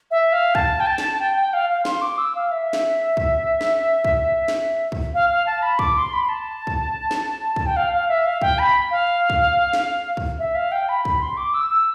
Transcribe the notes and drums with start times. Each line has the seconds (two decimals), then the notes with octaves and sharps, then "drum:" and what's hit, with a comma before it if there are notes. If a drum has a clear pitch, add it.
0.11 E5
0.32 F5
0.55 A5, drum: kick
0.80 G5
0.87 A5
0.98 drum: snare
1.20 G5
1.36 G5
1.53 F5
1.70 F5
1.85 C6, drum: snare
2.02 D6
2.18 E6
2.35 F5
2.51 E5
2.73 drum: snare
3.17 drum: kick
3.61 drum: snare
4.05 drum: kick
4.48 drum: snare
4.92 drum: kick
5.14 F5
5.30 F5
5.46 A5
5.63 B5
5.79 D6, drum: kick
5.97 C6
6.13 B5
6.29 A5
6.67 drum: kick
7.11 drum: snare
7.56 A5, drum: kick
7.66 G5
7.76 F5
7.93 F5
8.09 E5
8.26 F5
8.42 G5, drum: kick
8.59 B5
8.91 F5
9.30 drum: kick
9.73 drum: snare
10.17 drum: kick
10.39 E5
10.55 F5
10.72 G5
10.89 B5
11.05 B5, drum: kick
11.21 C6
11.37 D6
11.54 E6
11.70 E6